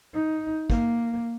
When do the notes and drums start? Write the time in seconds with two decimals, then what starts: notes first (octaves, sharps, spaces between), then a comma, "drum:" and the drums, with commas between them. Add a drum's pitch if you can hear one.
0.14 D#4
0.70 A#3, drum: kick